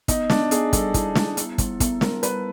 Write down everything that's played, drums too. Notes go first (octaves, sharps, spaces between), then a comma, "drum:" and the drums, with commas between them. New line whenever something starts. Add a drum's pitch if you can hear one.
B3 D#4, drum: kick, hi-hat
B3 D4, drum: snare
B3 G#4, drum: hi-hat
G3 A4, drum: kick, hi-hat
E4, drum: kick, hi-hat
E4, drum: snare
B3, drum: hi-hat
G3, drum: kick, hi-hat
B3, drum: kick, hi-hat
G3 A#4, drum: snare
G3 B4, drum: hi-hat